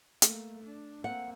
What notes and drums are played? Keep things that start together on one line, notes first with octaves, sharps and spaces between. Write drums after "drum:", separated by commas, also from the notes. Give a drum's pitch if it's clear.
A3 A#3, drum: hi-hat
D4
A#3 C4 F#5